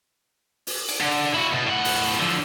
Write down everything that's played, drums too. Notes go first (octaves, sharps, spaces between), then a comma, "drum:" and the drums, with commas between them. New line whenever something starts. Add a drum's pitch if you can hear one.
drum: open hi-hat
drum: cymbal
D3
E4 F#4
B2
A2 F#5
drum: open hi-hat
D3 F3